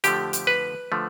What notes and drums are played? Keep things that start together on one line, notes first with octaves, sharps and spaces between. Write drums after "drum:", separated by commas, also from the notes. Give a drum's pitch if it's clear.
F2 D3 F3 A3 G4, drum: hi-hat
drum: hi-hat
B4
D3 F3 A3